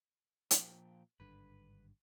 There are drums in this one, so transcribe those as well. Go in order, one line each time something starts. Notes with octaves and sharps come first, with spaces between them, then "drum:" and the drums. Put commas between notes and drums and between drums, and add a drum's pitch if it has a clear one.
A#2 F3 G5, drum: hi-hat
G#1 G2 D3 B4